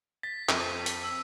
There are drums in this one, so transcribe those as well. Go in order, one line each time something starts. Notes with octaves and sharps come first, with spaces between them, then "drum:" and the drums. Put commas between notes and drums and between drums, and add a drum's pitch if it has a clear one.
A6 B6
F2 C4 D#7, drum: clap
drum: hi-hat
E6